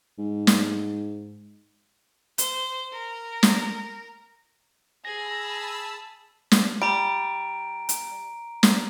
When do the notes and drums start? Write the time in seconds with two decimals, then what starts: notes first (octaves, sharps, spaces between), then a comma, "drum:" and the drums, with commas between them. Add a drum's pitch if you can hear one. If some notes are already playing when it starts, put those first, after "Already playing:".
0.18 G#2
0.47 drum: snare
2.38 C5, drum: hi-hat
2.93 A#4
3.43 drum: snare
5.05 G#4 A5 B5 E6 A#6
6.51 drum: snare
6.82 G3 A#5 D7
7.89 drum: hi-hat
8.63 drum: snare